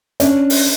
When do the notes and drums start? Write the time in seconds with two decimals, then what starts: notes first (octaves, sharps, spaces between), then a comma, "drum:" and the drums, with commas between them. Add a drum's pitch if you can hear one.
0.20 C#4 D4, drum: hi-hat
0.50 drum: open hi-hat